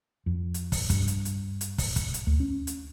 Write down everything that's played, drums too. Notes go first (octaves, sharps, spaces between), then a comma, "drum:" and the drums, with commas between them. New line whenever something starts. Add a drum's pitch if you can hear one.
F2
drum: hi-hat
drum: kick, open hi-hat
G2, drum: kick, hi-hat
drum: hi-hat
drum: hi-hat
drum: hi-hat
drum: kick, open hi-hat
drum: kick, hi-hat
drum: hi-hat
D2
C#4
drum: hi-hat